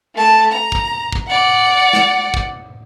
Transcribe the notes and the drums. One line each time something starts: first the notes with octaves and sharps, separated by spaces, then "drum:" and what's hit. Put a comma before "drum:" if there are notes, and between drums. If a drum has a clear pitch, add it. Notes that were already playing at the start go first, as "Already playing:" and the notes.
A3 A5
A#5
drum: kick
drum: kick
D5 F#5
drum: snare
drum: kick